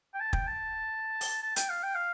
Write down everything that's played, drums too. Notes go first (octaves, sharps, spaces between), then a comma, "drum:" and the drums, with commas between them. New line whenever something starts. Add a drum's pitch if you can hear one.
G5
A5
G5, drum: kick
A5
drum: open hi-hat
A5
G5, drum: hi-hat
F5
G5
F5